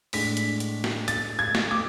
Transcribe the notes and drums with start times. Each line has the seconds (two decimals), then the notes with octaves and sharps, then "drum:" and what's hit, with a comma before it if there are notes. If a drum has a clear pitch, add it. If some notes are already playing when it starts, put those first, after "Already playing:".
0.13 A2 G#3 D4 B6, drum: open hi-hat
0.37 drum: hi-hat
0.60 drum: hi-hat
0.84 drum: snare
1.08 A6, drum: hi-hat
1.39 G#6
1.55 drum: snare
1.71 D6